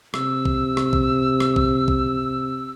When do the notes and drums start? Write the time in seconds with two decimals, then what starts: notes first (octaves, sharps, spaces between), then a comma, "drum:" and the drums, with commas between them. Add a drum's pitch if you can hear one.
0.14 C3 E6, drum: rim click
0.45 drum: kick
0.77 drum: rim click
0.93 drum: kick
1.40 drum: rim click
1.56 drum: kick
1.88 drum: kick